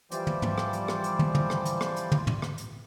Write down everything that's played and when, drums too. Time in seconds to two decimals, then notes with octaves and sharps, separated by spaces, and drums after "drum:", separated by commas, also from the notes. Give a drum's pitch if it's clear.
0.11 E3 F3 G3 C5 D5, drum: hi-hat
0.27 drum: tom
0.42 drum: tom
0.58 drum: rim click
0.73 drum: hi-hat
0.88 drum: rim click
1.04 drum: hi-hat
1.19 drum: tom
1.35 drum: tom
1.50 drum: rim click
1.65 drum: hi-hat
1.81 drum: rim click
1.96 drum: hi-hat
2.12 drum: tom
2.27 drum: tom
2.42 drum: rim click
2.58 drum: hi-hat